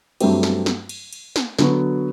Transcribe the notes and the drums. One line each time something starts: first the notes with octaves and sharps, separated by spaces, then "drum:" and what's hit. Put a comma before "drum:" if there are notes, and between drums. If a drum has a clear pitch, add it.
G2 F#3 A3 C4 G4, drum: cymbal
drum: snare
drum: snare
drum: cymbal
drum: cymbal
drum: snare
D3 F#3 B3 F#4, drum: snare